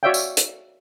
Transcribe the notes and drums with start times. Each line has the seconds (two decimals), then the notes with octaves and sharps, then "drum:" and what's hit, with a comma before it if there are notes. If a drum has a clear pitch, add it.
0.03 F#4 C#5 D5 E5 F5 G5
0.14 drum: tambourine
0.37 drum: hi-hat